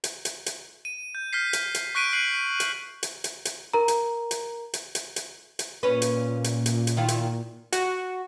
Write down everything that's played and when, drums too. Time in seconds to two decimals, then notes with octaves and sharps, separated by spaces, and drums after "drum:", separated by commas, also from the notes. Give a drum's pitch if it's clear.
0.04 drum: hi-hat
0.25 drum: hi-hat
0.46 drum: hi-hat
0.85 D#7
1.15 G6
1.33 F6 G6 B6 C7
1.53 drum: hi-hat
1.75 drum: hi-hat
1.95 C#6 F#6 B6 D7 D#7
2.13 F#6 B6 C7 D7 F#7
2.60 drum: hi-hat
3.03 drum: hi-hat
3.24 drum: hi-hat
3.45 drum: hi-hat
3.73 A#4 A#5
3.88 drum: hi-hat
4.31 drum: hi-hat
4.74 drum: hi-hat
4.95 drum: hi-hat
5.16 drum: hi-hat
5.59 drum: hi-hat
5.83 A#2 C#4 B4
6.02 drum: hi-hat
6.44 drum: hi-hat
6.66 drum: hi-hat
6.87 drum: hi-hat
6.97 D#3 E4 F4
7.08 drum: hi-hat
7.72 F#4, drum: hi-hat